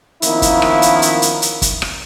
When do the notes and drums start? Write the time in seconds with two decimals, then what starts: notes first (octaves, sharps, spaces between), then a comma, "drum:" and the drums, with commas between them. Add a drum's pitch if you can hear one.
0.22 D#3 F3 A#3 B3 C#4 E4, drum: hi-hat
0.42 drum: kick, hi-hat
0.62 drum: rim click
0.82 drum: hi-hat
1.02 drum: hi-hat
1.22 drum: hi-hat
1.42 drum: hi-hat
1.62 drum: kick, hi-hat
1.82 drum: rim click